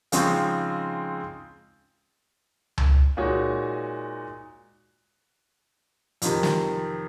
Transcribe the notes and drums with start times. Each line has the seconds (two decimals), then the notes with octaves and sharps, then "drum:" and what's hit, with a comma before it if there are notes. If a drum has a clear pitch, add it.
0.12 C#3 F3 G#3 C4 D#4, drum: hi-hat
2.78 drum: tom C#2
3.17 A#2 G#3 D#4 F#4 C#5
6.22 F2 C3 D#3, drum: hi-hat
6.43 drum: snare